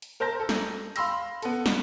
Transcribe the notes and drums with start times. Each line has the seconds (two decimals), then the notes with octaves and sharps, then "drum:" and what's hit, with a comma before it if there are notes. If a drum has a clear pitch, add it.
0.02 drum: hi-hat
0.20 A#4 C5 A5 G6 A#6
0.40 A4
0.49 drum: snare
0.96 F5 B5 C6 E6 A#6, drum: hi-hat
1.42 B3 A4, drum: hi-hat
1.66 drum: snare